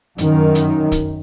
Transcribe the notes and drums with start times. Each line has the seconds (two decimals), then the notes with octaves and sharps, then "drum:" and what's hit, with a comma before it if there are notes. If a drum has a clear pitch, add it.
0.18 F#2 D#3, drum: hi-hat
0.55 drum: hi-hat
0.92 drum: kick, hi-hat